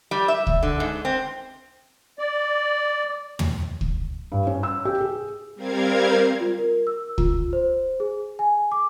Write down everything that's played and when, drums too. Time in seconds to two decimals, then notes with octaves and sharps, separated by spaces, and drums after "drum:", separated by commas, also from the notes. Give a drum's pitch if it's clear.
0.11 G3
0.28 E5
0.47 drum: kick
0.63 D3
0.80 G#2
1.05 C4
2.19 D5
3.39 drum: tom
3.81 drum: kick
4.32 G2
4.47 C#4
4.63 E6
4.85 G4
5.00 G#4
5.55 G3 C4 A#4 F5 G#6
6.40 F4
6.58 A#4
6.87 E6
7.18 F4, drum: kick
7.53 C5
8.00 G#4
8.39 G#5
8.72 D6